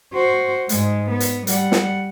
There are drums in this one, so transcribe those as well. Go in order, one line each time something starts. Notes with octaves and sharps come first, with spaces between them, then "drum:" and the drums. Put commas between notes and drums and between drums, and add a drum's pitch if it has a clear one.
F#4 C5
G#2 G#3, drum: hi-hat
B3
drum: hi-hat
G3 F#5, drum: hi-hat
drum: snare